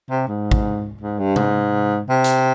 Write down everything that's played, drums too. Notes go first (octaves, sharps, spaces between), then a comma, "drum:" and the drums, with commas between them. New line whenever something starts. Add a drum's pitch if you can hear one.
C3
G#2
drum: kick
G#2
G2
G#2, drum: tom C3
C3
drum: hi-hat